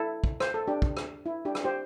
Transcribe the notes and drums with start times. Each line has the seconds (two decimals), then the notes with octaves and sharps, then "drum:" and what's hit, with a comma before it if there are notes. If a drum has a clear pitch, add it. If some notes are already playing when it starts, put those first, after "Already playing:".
Already playing: E4 A4
0.24 drum: kick
0.40 C5, drum: rim click
0.54 A4
0.68 D4 G4
0.82 drum: kick
0.97 drum: rim click
1.26 E4
1.45 D4 G4
1.55 drum: rim click
1.64 G4 C5